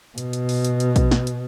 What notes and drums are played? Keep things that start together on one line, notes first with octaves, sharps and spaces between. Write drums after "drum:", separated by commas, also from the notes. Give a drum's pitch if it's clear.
B2, drum: hi-hat
drum: hi-hat
drum: open hi-hat
drum: hi-hat
drum: hi-hat
drum: kick A#1, hi-hat
drum: snare
drum: hi-hat